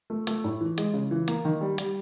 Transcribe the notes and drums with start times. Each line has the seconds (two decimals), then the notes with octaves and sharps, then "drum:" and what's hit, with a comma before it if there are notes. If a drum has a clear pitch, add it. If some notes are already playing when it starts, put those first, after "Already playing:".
0.10 A3
0.27 A3, drum: hi-hat
0.44 A2
0.61 E3
0.78 G#3, drum: hi-hat
0.94 C#3
1.11 E3
1.28 A#3, drum: hi-hat
1.45 D#3
1.61 G3
1.78 G3, drum: hi-hat